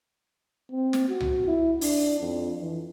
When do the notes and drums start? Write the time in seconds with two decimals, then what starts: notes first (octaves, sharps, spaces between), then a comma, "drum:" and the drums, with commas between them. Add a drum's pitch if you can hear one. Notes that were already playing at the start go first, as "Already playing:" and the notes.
0.71 C4
0.93 drum: snare
1.08 F#4
1.20 drum: tom C2
1.46 E4
1.81 D4, drum: open hi-hat
2.20 F2
2.60 E3